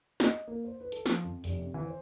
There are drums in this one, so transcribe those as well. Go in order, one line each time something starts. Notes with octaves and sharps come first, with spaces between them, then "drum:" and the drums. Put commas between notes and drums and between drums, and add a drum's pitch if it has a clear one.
D#5, drum: snare
A#3
C5
B4
A4, drum: hi-hat
F3, drum: snare
F2
F1, drum: open hi-hat
C3
E3
C5